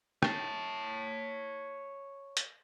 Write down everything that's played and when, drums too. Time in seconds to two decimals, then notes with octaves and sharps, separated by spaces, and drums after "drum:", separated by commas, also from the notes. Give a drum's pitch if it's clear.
0.23 C#5 A5, drum: rim click
2.37 drum: hi-hat